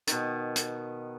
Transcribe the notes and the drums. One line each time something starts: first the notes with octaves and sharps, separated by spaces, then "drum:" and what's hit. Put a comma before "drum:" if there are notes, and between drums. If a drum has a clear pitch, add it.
B2 D#3, drum: hi-hat
drum: hi-hat